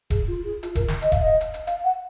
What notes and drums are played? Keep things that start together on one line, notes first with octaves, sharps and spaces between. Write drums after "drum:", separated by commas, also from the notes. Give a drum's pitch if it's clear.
G#4, drum: kick D#1, hi-hat
F4
G#4
F4, drum: hi-hat
A#4, drum: kick D#1, hi-hat
drum: snare
D#5, drum: hi-hat
F5, drum: kick D#1, hi-hat
D#5
drum: hi-hat
drum: hi-hat
F5, drum: hi-hat
F#5